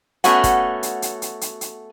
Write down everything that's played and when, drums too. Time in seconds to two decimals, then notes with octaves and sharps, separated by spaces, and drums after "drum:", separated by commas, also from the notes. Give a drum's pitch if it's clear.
0.24 A3 B3 C#4 F#4 F#5, drum: hi-hat
0.44 drum: kick, hi-hat
0.83 drum: hi-hat
1.02 drum: hi-hat
1.22 drum: hi-hat
1.41 drum: hi-hat
1.61 drum: hi-hat